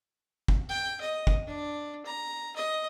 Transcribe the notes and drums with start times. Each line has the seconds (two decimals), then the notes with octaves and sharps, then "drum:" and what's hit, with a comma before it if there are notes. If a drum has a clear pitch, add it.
0.48 drum: kick
0.70 G5
1.01 D#5
1.27 drum: kick
1.47 D4
2.06 A#5
2.56 D#5